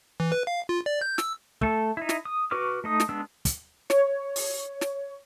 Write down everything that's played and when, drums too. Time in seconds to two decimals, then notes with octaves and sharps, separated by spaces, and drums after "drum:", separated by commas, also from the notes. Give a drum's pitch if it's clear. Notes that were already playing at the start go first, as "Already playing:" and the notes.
0.20 E3
0.32 B4
0.47 F5
0.69 F4
0.86 D5
1.01 G6
1.18 E6, drum: snare
1.61 A3 A4, drum: kick
1.97 D#4 E4
2.09 drum: snare
2.25 D#6
2.51 F#4 B4 C#6 D6 F6
2.84 A3 D#4 D#6
3.00 drum: snare
3.09 G#3 B3 D4 E6
3.45 drum: kick, hi-hat
3.90 C#5, drum: snare
4.36 drum: open hi-hat
4.81 drum: snare